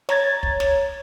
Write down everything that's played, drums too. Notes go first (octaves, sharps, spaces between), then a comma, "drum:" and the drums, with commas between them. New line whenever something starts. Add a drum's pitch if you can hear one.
C#5 A#5 G#6 A6, drum: snare
drum: kick
drum: snare